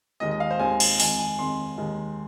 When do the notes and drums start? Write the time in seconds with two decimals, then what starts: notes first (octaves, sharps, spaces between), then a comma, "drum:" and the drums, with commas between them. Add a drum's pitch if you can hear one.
0.20 D#2 D#3 G#3 D#5
0.31 D#5
0.40 F5
0.50 C5
0.59 D#2 D#3 G#3 G#5
0.80 G#5, drum: cymbal
1.00 F2 D#3 G#3 G#5, drum: open hi-hat
1.19 G#5
1.38 F2 D#3 G#3 C6
1.78 D#2 D#3 G#3